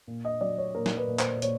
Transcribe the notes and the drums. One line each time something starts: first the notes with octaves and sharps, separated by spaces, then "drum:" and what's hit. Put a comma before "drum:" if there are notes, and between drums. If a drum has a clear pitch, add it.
A#2
D#5
F#3 D5
C#5
A#2 A#4
drum: snare
B4
A#2
C5, drum: clap
A#2 C#5, drum: hi-hat